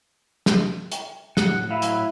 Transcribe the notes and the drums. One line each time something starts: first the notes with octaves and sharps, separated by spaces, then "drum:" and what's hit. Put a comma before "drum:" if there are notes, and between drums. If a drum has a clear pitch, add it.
drum: snare
drum: hi-hat
A2 F#5, drum: snare
F#3 E4 B4 F5
drum: hi-hat